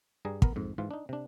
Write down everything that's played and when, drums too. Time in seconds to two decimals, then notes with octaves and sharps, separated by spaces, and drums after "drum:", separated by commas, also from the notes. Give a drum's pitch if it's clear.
0.25 G2 G3 G#4 A#5
0.42 B3 A#4, drum: kick
0.56 F2 G#2
0.78 G#2 E3 F4
0.91 D4 D#4
1.09 C3 D4